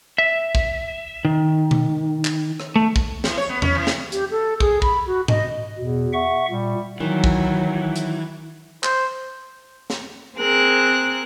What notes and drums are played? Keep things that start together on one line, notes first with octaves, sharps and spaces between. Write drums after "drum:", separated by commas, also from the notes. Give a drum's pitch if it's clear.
E5
drum: kick
D#3
drum: tom B2
drum: clap
drum: rim click
A3
drum: kick
E3, drum: snare
C#5
B3
C#4, drum: tom E2
E3
drum: snare
G4, drum: hi-hat
A4
G#4, drum: kick
B5, drum: kick
F#4
D#5, drum: tom G#2
E2 B2
E5 F#5 C#6
A#2 G3
D#3 E3 F#3
drum: kick
drum: hi-hat
C5, drum: clap
drum: snare
C4 G#4 A#4 F#6